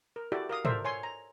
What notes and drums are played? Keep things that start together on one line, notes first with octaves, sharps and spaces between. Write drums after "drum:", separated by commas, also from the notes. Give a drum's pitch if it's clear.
A#4
E4 F#4 G4 A4 D5
A#4 F5 D#6
A4 A#4 C5 D5 E5, drum: tom
C#5 G#5 C6
A#5